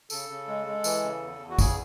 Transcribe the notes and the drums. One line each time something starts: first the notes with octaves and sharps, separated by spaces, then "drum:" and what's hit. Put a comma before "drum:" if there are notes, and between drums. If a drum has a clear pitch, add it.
C#3 A4, drum: tambourine
C#3
G#3
G#3
E3, drum: tambourine
C#3
E2
E2
F#4
C#3 G#4, drum: kick A1, tambourine